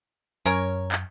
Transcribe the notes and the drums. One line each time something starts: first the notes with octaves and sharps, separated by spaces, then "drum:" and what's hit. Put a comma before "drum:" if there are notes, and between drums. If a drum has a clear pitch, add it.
F#2 C#4 A#4 C#5, drum: tambourine
drum: clap